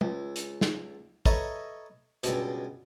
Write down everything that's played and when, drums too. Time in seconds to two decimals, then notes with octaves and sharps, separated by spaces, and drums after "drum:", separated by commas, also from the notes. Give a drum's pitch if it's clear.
0.01 C#2, drum: tom
0.36 drum: hi-hat
0.61 drum: snare
1.26 A4 B4 C#5 D#5 E5 A#5, drum: kick
2.23 C#2 G2 B2, drum: hi-hat